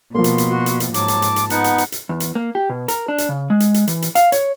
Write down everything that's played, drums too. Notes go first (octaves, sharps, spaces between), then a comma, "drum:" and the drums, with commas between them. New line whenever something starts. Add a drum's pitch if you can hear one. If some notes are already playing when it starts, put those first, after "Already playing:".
B2 F3 A#3 C6
drum: hi-hat
drum: hi-hat
F#4
drum: hi-hat
drum: hi-hat
G#2 F#3 A5 D6, drum: hi-hat
drum: hi-hat
drum: hi-hat
drum: hi-hat
B3 D#4 F#5, drum: hi-hat
drum: hi-hat
drum: hi-hat
drum: hi-hat
E2
drum: hi-hat
A#3
G4
B2
A#4, drum: hi-hat
D4
drum: hi-hat
C#3
G#3
drum: hi-hat
drum: hi-hat
E3, drum: hi-hat
drum: hi-hat
F5, drum: hi-hat
C#5, drum: hi-hat